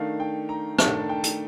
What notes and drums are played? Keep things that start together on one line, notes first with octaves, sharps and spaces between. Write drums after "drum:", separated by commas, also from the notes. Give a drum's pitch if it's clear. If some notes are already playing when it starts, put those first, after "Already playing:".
Already playing: D#3 A3 D4 F5
G5
A#5
D#3 A3 D4 A5, drum: rim click
G5
drum: hi-hat